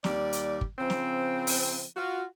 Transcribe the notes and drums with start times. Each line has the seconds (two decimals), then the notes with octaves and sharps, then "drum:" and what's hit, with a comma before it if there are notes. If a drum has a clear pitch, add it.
0.04 D#2 G3 D5, drum: snare
0.33 drum: hi-hat
0.61 drum: kick
0.79 C#3 F3 C4
0.90 drum: snare
1.47 drum: open hi-hat
1.96 F4 F#4